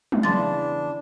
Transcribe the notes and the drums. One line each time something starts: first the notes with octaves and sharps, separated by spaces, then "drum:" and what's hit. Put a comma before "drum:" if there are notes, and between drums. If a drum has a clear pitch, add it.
drum: tom
E2 C#3 E3 D4 C6 A6